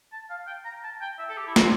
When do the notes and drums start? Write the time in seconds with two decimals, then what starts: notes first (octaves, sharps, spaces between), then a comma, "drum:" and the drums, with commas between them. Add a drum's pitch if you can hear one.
0.12 A5
0.30 F5
0.47 G5
0.65 A#5
0.84 A5
1.01 G5
1.19 E5
1.29 A4
1.38 G4
1.47 E4
1.56 C4, drum: snare